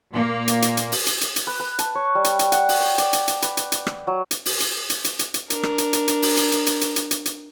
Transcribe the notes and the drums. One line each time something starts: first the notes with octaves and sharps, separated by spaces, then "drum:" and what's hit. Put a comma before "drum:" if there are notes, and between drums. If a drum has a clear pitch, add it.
A#2 A#3
drum: hi-hat
drum: hi-hat
drum: hi-hat
drum: open hi-hat
drum: hi-hat
drum: hi-hat
drum: hi-hat
B4
B4
A5, drum: hi-hat
C#5
G3
drum: hi-hat
drum: hi-hat
F#5, drum: hi-hat
drum: open hi-hat
G5
D5, drum: hi-hat
drum: hi-hat
drum: hi-hat
B4, drum: hi-hat
drum: hi-hat
drum: hi-hat
drum: rim click
F#3
drum: hi-hat
drum: open hi-hat
drum: hi-hat
drum: hi-hat
drum: hi-hat
drum: hi-hat
drum: hi-hat
D4 A#4, drum: hi-hat
drum: rim click
drum: hi-hat
drum: hi-hat
drum: hi-hat
drum: open hi-hat
drum: hi-hat
drum: hi-hat
drum: hi-hat
drum: hi-hat
drum: hi-hat
drum: hi-hat
drum: hi-hat